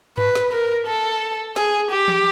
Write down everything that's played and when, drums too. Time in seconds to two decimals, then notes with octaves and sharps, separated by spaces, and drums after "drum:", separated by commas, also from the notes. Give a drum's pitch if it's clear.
0.18 B4, drum: tom G2
0.35 drum: snare
0.53 A#4
0.87 A4
1.56 G#4, drum: snare
1.91 G4
2.08 drum: tom E3